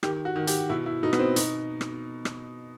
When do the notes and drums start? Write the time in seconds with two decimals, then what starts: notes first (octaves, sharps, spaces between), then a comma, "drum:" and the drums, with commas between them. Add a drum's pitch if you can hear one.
0.03 D#3 G4, drum: rim click
0.25 F#4
0.36 D#3
0.47 G4, drum: hi-hat
0.69 B2 E4
0.86 E4
1.03 B2 D#4
1.13 B3, drum: rim click
1.19 C4
1.36 B2 D#4, drum: hi-hat
1.81 drum: rim click
2.25 drum: rim click